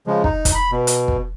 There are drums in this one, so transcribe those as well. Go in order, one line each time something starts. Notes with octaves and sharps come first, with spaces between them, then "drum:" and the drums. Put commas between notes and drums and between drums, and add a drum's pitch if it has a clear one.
C#3 F3 G#3
D#4, drum: kick
drum: kick, hi-hat
B5
B2
drum: hi-hat
drum: kick